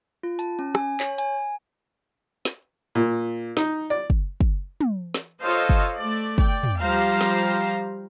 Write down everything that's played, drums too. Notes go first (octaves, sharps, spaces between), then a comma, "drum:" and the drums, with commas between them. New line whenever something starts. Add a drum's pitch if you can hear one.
F4
A5, drum: hi-hat
C#4
G#5, drum: rim click
C#5, drum: clap
G#5, drum: hi-hat
drum: snare
A#2
D#4, drum: snare
D5
drum: kick
drum: kick
drum: tom
drum: snare
F4 A4 C5 C#5 D#5 F5
drum: kick
A3 D5
D5 G5, drum: kick
drum: tom
F3 G3 G4 C5 F5 A#5
drum: snare